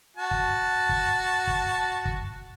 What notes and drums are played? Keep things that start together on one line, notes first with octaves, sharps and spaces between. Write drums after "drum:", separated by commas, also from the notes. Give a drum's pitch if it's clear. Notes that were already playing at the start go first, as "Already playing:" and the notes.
F#4 A5
drum: kick
drum: kick
drum: kick
drum: kick